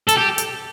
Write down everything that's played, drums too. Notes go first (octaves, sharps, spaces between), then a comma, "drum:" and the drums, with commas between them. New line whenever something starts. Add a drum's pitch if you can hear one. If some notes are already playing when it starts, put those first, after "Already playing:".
A4, drum: hi-hat
G4
drum: hi-hat